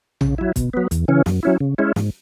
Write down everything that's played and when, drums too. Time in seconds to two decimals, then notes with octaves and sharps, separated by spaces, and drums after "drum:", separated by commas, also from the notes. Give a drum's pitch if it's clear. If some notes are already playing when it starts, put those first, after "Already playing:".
0.21 C#3, drum: tom A#1
0.38 F#3 E4
0.56 B2, drum: kick, hi-hat
0.74 F#3 B3
0.91 E2, drum: hi-hat
1.08 C#3 E3 C#4
1.26 F#2, drum: snare
1.43 F#3 C#4 E4
1.60 C#3
1.78 G#3 C#4 E4
1.96 G#2, drum: snare